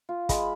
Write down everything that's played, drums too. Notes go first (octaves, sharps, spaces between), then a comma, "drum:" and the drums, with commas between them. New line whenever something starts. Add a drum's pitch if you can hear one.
F4
G#3 B5, drum: kick, hi-hat